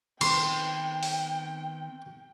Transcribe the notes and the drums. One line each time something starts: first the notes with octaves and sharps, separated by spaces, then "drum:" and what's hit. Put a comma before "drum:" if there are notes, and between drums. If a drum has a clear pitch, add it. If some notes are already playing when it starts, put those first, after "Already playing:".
D#3 B3 C4 G5 C6, drum: cymbal
drum: open hi-hat